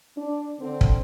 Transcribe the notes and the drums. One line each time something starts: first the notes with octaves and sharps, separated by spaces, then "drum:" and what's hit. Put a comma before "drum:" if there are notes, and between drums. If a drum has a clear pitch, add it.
D4
D3 C4
drum: kick